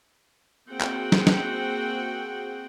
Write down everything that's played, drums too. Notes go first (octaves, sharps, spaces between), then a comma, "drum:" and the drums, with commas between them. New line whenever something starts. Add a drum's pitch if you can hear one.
A#3 C4 F#4 G#4 F#5 G5
drum: clap
drum: snare
drum: snare